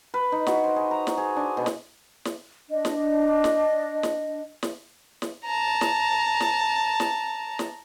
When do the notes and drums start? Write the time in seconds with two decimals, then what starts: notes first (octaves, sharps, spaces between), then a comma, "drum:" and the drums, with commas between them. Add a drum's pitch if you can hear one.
0.14 B4
0.32 D#4
0.47 F#4, drum: snare
0.64 C5
0.76 G#4
0.91 A#5
1.07 drum: snare
1.17 G#4
1.36 D4
1.57 B2
1.66 drum: snare
2.25 drum: snare
2.70 D4 D#5
2.85 drum: snare
3.44 drum: snare
4.03 drum: snare
4.63 drum: snare
5.22 drum: snare
5.45 A5 A#5
5.81 drum: snare
6.40 drum: snare
7.00 drum: snare
7.59 drum: snare